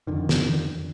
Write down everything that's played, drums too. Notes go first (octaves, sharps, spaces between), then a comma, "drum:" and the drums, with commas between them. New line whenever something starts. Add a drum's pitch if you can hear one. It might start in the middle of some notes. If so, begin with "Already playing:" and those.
F2 D3 D#3
drum: snare